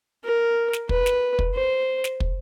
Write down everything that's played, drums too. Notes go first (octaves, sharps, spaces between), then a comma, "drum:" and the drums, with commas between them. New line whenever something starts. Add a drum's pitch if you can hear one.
A#4
drum: snare
B4, drum: kick
drum: snare
drum: kick
C5
drum: snare
drum: kick